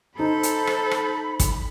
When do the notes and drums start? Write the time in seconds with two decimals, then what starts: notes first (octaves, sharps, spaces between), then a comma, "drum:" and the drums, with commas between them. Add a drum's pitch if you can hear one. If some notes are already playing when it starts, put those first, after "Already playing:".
0.19 D#4 A4 C5 B5
0.43 drum: hi-hat
0.67 drum: rim click
0.91 drum: rim click
1.40 drum: kick, hi-hat